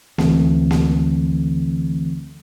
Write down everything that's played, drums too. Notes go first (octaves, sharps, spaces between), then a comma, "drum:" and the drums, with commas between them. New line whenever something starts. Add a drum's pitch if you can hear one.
D2 E3 A3 C4, drum: snare A#3
drum: snare A#3